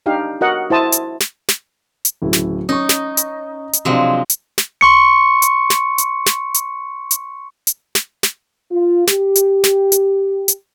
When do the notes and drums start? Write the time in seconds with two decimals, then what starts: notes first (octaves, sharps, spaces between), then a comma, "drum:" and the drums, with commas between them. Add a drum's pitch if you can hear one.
0.06 D4 D#4 G4 F5
0.41 F#4 A#4 D#5 F#5
0.70 E4 C5 A5 D#6
0.92 drum: hi-hat
1.20 drum: snare
1.49 drum: snare
2.05 drum: hi-hat
2.22 D1 C#3 E4
2.33 drum: snare
2.69 C#4 D#4 C#6
2.89 drum: snare
3.17 drum: hi-hat
3.73 drum: hi-hat
3.85 C3 F3 F#3 G#3 D4
4.30 drum: hi-hat
4.58 drum: snare
4.81 C6 C#6 C#7
5.42 drum: hi-hat
5.70 drum: snare
5.98 drum: hi-hat
6.26 drum: snare
6.54 drum: hi-hat
7.11 drum: hi-hat
7.67 drum: hi-hat
7.95 drum: snare
8.23 drum: snare
8.71 F4
9.07 G4, drum: snare
9.35 drum: hi-hat
9.64 drum: snare
9.92 drum: hi-hat
10.48 drum: hi-hat